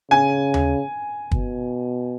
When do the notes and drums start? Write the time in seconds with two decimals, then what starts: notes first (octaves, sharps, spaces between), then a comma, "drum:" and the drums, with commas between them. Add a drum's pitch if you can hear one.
0.11 C#3 G#5
0.54 drum: tom D#2
1.31 B2, drum: kick